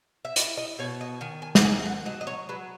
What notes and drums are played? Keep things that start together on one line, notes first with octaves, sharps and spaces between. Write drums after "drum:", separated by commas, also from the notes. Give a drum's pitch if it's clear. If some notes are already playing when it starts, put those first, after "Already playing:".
E5
E4 D#5, drum: hi-hat
D#5
B2 C#5
D#5
D#3 G#5
G#5
F#5, drum: snare
D#3 G#5
F#5
F#3 D#5
D#5
C#5
F#3 B4